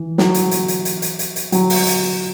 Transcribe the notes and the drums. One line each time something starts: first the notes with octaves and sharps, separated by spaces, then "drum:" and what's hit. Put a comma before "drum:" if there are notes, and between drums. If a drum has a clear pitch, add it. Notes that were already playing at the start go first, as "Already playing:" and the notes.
Already playing: E3
F#3, drum: snare
drum: hi-hat
drum: hi-hat
drum: hi-hat
drum: hi-hat
drum: hi-hat
drum: hi-hat
drum: hi-hat
F#3, drum: hi-hat
drum: open hi-hat
drum: hi-hat